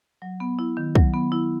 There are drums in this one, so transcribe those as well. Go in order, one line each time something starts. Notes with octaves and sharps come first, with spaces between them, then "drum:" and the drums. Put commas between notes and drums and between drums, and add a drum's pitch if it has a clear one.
F#3
B3
E4
D#3
F#3, drum: kick
B3
E4